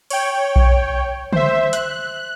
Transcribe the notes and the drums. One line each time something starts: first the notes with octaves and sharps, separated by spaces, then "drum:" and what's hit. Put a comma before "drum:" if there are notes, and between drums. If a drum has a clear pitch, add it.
C#5 G5, drum: cymbal
drum: kick B1
C5 E5, drum: tom C#3
F#6, drum: hi-hat